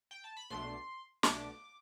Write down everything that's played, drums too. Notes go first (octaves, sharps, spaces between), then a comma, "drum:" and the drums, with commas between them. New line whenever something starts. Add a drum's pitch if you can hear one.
G5
A5
B5
B1 B2 A3 D4 C6
B1 B2 A3 D4 D6, drum: snare